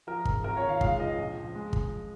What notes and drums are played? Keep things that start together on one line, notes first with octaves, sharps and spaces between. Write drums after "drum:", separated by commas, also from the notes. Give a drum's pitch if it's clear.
F3 A#4
G#2, drum: kick
G#1 A#4
C#5
D#3
F5
G#3 F5, drum: kick
C#2 D#5
A#1
F3
G#3
drum: kick